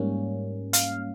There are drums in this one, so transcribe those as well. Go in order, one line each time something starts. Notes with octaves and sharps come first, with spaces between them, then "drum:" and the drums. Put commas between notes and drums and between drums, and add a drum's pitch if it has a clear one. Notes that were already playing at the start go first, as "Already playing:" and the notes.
Already playing: G#2 G3 A#3 C#4
F5, drum: hi-hat